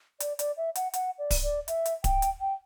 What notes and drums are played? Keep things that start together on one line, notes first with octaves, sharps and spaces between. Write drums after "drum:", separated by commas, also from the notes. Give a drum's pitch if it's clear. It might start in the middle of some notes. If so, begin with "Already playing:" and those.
D5, drum: hi-hat
D5, drum: hi-hat
E5
F#5, drum: hi-hat
F#5, drum: hi-hat
D5
drum: kick D1, open hi-hat
D5
E5, drum: hi-hat
drum: hi-hat
G5, drum: kick D1, hi-hat
drum: hi-hat
G5